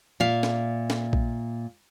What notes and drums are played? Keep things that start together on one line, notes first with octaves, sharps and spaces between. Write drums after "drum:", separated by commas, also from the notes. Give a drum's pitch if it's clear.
A#2 E5 F5
drum: snare
drum: snare
drum: kick A#1